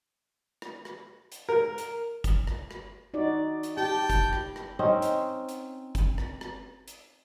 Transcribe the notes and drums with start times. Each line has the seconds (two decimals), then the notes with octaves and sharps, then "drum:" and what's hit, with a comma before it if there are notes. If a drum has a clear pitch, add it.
0.62 drum: rim click
0.85 drum: rim click
1.32 drum: hi-hat
1.49 A#4
1.78 drum: hi-hat
2.24 drum: kick G1, hi-hat
2.47 drum: rim click
2.71 drum: rim click
3.14 D#4 F#4 D5
3.63 drum: hi-hat
3.77 G4 G5 A5
4.10 drum: kick G1, hi-hat
4.33 drum: rim click
4.56 drum: rim click
4.79 C4 C#4 D#4
5.02 drum: hi-hat
5.49 drum: hi-hat
5.95 drum: kick G1, hi-hat
6.18 drum: rim click
6.41 drum: rim click
6.88 drum: hi-hat